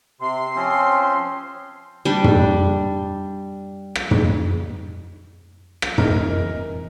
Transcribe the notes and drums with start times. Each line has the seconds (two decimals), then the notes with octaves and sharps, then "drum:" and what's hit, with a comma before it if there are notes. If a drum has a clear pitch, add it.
0.20 C3 C6
0.56 F3 C4 C#4
2.05 G3 D4
2.24 drum: tom
3.95 drum: rim click
4.11 drum: tom
5.82 drum: rim click
5.98 E1 E3 C4 D#4 A#4, drum: tom